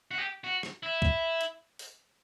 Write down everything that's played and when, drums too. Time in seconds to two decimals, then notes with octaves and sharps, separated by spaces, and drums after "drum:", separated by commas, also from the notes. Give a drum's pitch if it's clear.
0.11 F#4
0.18 G4
0.44 F#4
0.63 drum: rim click
0.83 E4
1.02 drum: kick C2
1.41 drum: hi-hat
1.79 drum: open hi-hat